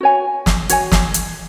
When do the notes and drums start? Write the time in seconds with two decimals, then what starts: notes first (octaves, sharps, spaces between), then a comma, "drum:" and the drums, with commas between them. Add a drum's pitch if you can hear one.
0.01 F#4 C#5 G#5
0.46 drum: snare
0.69 F#4 C#5 G#5, drum: hi-hat
0.92 drum: snare
1.14 drum: hi-hat